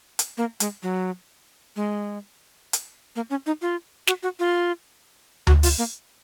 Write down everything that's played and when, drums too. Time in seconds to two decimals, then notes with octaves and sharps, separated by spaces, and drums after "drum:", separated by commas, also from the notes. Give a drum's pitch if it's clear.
0.19 drum: hi-hat
0.38 A#3
0.60 G#3, drum: hi-hat
0.83 F#3
1.76 G#3
2.73 drum: hi-hat
3.16 A#3
3.30 C#4
3.46 D#4
3.62 F4
4.07 F#4, drum: snare
4.23 F#4
4.39 F4
5.47 F#4, drum: tom D2
5.63 F4, drum: open hi-hat
5.78 A#3